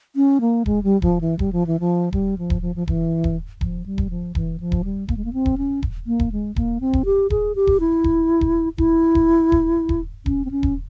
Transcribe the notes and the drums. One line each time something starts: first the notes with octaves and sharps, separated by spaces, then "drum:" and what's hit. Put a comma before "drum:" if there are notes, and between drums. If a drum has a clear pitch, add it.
C#4
A#3
G#3, drum: kick D#1
G3
F3, drum: kick D#1
E3
G3, drum: kick D#1
F3
E3
F3
G3, drum: kick D#1
F3
drum: kick D#1
F3
F3
E3, drum: kick D#1
drum: kick D#1
F3, drum: kick D#1
G3
drum: kick D#1
F3
E3, drum: kick D#1
F3
drum: kick D#1
G3
A#3, drum: kick D#1
G#3
A#3
C4
drum: kick D#1
C#4
drum: kick D#1
A#3
drum: kick D#1
G#3
A#3, drum: kick D#1
C4
drum: kick D#1
G4
G#4, drum: kick D#1
G4
drum: kick D#1
E4
drum: kick D#1
drum: kick D#1
E4, drum: kick D#1
drum: kick D#1
drum: kick D#1
drum: kick D#1
C#4, drum: kick D#1
C4
C#4
drum: kick D#1